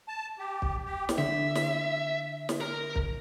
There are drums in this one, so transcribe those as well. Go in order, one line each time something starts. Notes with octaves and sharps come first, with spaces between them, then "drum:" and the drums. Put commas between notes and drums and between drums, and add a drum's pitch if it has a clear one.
A5
G4
drum: kick
G4
drum: snare
D3 E5
drum: snare
drum: snare
A#4 A#5
drum: kick